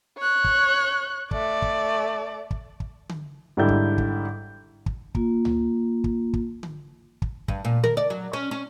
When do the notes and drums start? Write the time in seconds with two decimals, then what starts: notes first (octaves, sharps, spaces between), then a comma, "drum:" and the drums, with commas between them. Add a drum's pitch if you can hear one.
0.18 C#5 F#6
0.44 drum: kick
1.31 A3 D5, drum: kick
1.62 drum: kick
2.51 drum: kick
2.80 drum: kick
3.09 drum: tom D3
3.57 G#2 D3 G3 E4 G6
3.68 drum: kick
3.98 drum: kick
4.86 drum: kick
5.15 A#3 F4, drum: kick
5.45 drum: tom C#2
6.04 drum: kick
6.33 drum: kick
6.63 drum: tom D3
7.22 drum: kick
7.48 G2, drum: kick
7.65 A#2
7.84 A#4, drum: tom D3
7.97 D5
8.10 F#3
8.33 C#4
8.51 C#4